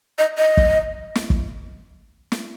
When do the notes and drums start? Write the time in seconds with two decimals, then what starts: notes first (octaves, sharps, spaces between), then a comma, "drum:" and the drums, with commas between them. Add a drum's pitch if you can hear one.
0.19 D#5
0.38 D#5
0.57 drum: kick
1.15 drum: snare
1.30 drum: kick
2.32 drum: snare